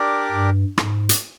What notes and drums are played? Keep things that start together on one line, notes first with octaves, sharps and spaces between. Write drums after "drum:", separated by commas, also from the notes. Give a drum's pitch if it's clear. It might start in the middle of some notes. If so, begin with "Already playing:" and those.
Already playing: D4 G4 A#4 D5
G2
G#2, drum: rim click
drum: hi-hat